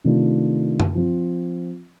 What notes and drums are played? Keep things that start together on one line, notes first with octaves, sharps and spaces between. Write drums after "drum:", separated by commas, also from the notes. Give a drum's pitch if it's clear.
C3 D#3 A3 D4 F4
drum: tom F#2
F3 C4 F4